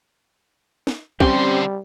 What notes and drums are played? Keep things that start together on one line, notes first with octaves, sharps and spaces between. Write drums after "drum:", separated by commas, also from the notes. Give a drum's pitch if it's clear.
drum: snare
D3 G3 C4 C#4 G4 C6, drum: kick